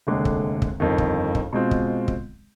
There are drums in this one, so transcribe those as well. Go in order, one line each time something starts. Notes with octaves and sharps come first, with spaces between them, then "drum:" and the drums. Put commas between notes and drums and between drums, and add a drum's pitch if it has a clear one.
F1 D#2 D3 G#3
drum: kick
drum: kick
G1 F2 D#3
drum: kick
drum: kick
B2 G#3 C4 F4
drum: kick
drum: kick